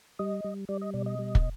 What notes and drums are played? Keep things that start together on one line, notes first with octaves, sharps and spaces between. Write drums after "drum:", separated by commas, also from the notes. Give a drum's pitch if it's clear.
G3 D#5
G3
G3 D5
D#5
B2 D5
D#5
G3
drum: kick